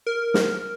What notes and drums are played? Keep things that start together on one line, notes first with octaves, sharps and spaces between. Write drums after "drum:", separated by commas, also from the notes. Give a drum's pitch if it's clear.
A#4
drum: snare